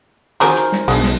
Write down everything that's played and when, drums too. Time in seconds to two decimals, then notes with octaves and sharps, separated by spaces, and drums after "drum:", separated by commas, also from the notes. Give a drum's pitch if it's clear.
0.40 D#3 F4 F#4 G#4 A#4 C5, drum: hi-hat
0.57 drum: hi-hat
0.72 drum: snare
0.88 B1 G#3 D4, drum: open hi-hat
1.04 drum: snare